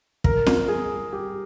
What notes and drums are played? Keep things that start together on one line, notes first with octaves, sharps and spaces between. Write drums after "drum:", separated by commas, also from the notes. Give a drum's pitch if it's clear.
A#4, drum: kick
drum: snare
G#4
G4